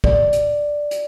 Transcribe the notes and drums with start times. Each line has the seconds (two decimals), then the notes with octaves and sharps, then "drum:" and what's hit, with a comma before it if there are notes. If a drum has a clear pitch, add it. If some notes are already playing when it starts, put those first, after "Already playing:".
0.04 D5, drum: kick
0.33 drum: hi-hat
0.91 drum: hi-hat